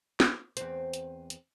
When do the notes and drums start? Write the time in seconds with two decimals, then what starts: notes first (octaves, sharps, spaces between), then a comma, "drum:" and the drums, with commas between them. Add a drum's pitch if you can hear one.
0.20 drum: snare
0.57 E2 C4, drum: hi-hat
0.93 drum: hi-hat
1.30 drum: hi-hat